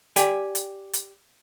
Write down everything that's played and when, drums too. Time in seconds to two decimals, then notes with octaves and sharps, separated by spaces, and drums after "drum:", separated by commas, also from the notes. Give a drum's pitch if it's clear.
0.16 G4 D5 G5 G#5, drum: hi-hat
0.55 drum: hi-hat
0.93 drum: hi-hat